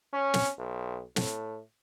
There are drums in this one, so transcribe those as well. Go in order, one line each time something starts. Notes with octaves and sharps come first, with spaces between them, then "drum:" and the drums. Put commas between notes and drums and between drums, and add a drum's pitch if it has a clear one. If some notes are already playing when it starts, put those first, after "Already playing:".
C#4
drum: snare
B1
A2, drum: snare